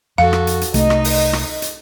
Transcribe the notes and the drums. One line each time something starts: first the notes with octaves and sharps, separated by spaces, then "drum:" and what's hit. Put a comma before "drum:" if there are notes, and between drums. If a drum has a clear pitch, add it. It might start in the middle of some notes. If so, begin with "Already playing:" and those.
F2 F#4 A4 F5
drum: rim click
drum: hi-hat
drum: hi-hat
C2 A3 D#4 D#5, drum: hi-hat
drum: rim click
drum: open hi-hat
drum: rim click
drum: hi-hat